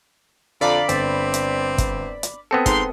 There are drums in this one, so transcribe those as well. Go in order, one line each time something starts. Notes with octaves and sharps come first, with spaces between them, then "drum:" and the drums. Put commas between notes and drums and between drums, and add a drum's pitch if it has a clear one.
F2 D3 D5 F5 A#5 B5
G1 C4, drum: hi-hat
drum: hi-hat
drum: kick, hi-hat
drum: hi-hat
B3 C4 A4 D#6 C#7
G#2 C6, drum: kick, hi-hat